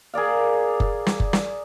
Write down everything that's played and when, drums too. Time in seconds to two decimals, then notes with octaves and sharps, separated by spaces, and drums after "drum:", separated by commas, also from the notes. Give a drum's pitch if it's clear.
0.14 G#4 A#4 D5 F5
0.80 drum: kick F#1
1.06 drum: snare
1.20 drum: kick F#1
1.33 drum: snare